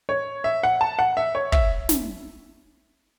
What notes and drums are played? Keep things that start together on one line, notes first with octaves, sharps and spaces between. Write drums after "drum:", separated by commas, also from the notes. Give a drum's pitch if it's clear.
C#5
E5
F#5
A5
F#5
E5
C#5
E5, drum: kick
drum: snare